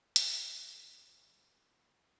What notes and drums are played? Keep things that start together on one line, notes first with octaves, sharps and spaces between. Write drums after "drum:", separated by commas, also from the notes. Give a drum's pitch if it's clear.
A#2 G3 B3, drum: hi-hat
B2 F#3 A#3 D4
A#2 G3 B3
C#3 G3 B3
A#2 A#3 E4
G3 C#4 E4